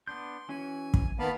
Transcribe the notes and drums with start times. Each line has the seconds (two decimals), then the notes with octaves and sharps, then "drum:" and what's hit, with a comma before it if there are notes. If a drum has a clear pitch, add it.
0.07 B3 D4 C6 G6
0.49 E3 C#4 F#4 G#5
0.94 drum: kick
1.19 D#3 A#3 B3 F5 A5 B5